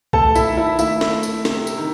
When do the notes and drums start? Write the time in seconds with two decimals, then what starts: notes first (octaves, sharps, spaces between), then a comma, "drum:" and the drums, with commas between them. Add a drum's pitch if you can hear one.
0.13 A3 A4 A5, drum: kick
0.35 E4 E5, drum: tambourine
0.46 D#3
0.57 E4 E5
0.79 A3 E4 E5, drum: tambourine
1.01 drum: snare
1.12 A3
1.23 drum: tambourine
1.45 C3, drum: snare
1.67 drum: tambourine
1.78 D#3